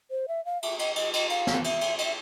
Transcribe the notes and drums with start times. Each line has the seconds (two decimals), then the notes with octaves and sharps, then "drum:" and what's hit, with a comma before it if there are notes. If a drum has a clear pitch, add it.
0.11 C5
0.28 E5
0.45 F5
0.63 E5, drum: cymbal
0.79 D#5, drum: cymbal
0.96 D#5, drum: cymbal
1.14 D#5, drum: cymbal
1.30 F5, drum: cymbal
1.47 drum: snare
1.64 E5, drum: cymbal
1.81 drum: cymbal
1.98 D#5, drum: cymbal
2.05 E5